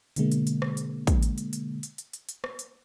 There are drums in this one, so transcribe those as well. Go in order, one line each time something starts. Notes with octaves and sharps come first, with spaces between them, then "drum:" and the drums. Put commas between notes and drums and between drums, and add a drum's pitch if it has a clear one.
B2 D3 G#3 A#3, drum: hi-hat
drum: hi-hat
drum: hi-hat
drum: rim click
drum: hi-hat
drum: kick, hi-hat
drum: hi-hat
drum: hi-hat
drum: hi-hat
drum: hi-hat
drum: hi-hat
drum: hi-hat
drum: hi-hat
drum: rim click
drum: hi-hat